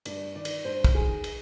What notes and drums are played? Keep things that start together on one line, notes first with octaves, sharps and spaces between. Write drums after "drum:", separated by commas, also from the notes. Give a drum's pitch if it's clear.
G2 D5, drum: cymbal
D#3 D5
drum: cymbal
G2 C5
drum: kick, cymbal
D#3 G#4
drum: cymbal